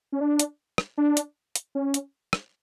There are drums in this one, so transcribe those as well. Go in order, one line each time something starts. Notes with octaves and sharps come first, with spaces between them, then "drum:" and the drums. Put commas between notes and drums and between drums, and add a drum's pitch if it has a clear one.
C#4
D4
drum: hi-hat
drum: rim click
D4
drum: hi-hat
drum: hi-hat
C#4
drum: hi-hat
drum: rim click